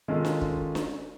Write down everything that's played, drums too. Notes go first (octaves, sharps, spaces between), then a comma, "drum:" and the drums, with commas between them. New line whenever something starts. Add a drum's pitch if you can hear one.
D#3 G#3 C#4 F4 A4
drum: snare D4
drum: kick
drum: snare D4